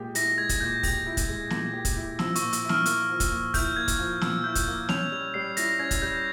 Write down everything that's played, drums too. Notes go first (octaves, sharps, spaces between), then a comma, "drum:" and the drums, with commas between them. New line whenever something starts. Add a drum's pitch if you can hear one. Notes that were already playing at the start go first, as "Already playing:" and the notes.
Already playing: A#2 G#3 G4
E4 A#6, drum: hi-hat
G#3 G#6
drum: kick, hi-hat
A#2 G6
G4, drum: kick, open hi-hat
E4
drum: kick, hi-hat
G#3
A#2, drum: snare
G4
drum: kick, hi-hat
E4
F3 E6, drum: snare
C#6, drum: hi-hat
A#2
E6, drum: hi-hat
E4
F6, drum: snare
A#3, drum: hi-hat
F3
drum: kick, hi-hat
A#2
E4 G6, drum: kick, open hi-hat
A#3 G#6
drum: kick, hi-hat
F3
A#2 E6, drum: snare
E4 G6
drum: kick, hi-hat
A#3
C#4 F7, drum: snare
G3 F7
G3 C7
E4 A#6, drum: hi-hat
C#4 G#6
drum: kick, hi-hat
G3 G6